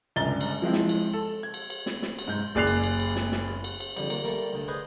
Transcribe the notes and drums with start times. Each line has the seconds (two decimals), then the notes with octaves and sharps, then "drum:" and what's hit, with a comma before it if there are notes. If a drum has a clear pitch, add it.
0.16 G1 C#2 D4 A#5 A6 G7
0.41 drum: cymbal
0.62 F3 G#3 C4 E4
0.73 drum: snare
0.89 drum: cymbal
1.13 A4
1.43 G#6
1.54 drum: cymbal
1.70 drum: cymbal
1.86 drum: snare
2.02 drum: snare
2.19 drum: cymbal
2.28 G#2 G6
2.55 F#1 G#4 D5 F#6 C7 F7
2.67 drum: cymbal
2.83 drum: cymbal
2.99 drum: cymbal
3.16 drum: snare
3.32 drum: snare
3.64 drum: cymbal
3.80 drum: cymbal
3.97 F2 D3 G3, drum: cymbal
4.10 A#3, drum: cymbal
4.24 G3 A3 A#3
4.53 D2 D3
4.68 G#4 B4 C5 D#5 G#5